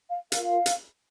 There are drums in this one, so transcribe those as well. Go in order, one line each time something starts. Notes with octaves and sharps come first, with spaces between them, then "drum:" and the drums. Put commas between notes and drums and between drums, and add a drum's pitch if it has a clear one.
F5
F4 A#4 F5, drum: hi-hat
drum: hi-hat